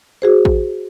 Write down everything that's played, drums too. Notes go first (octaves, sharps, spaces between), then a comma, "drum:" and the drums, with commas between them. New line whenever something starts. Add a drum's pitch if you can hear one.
F#4 G#4 C5
drum: kick A1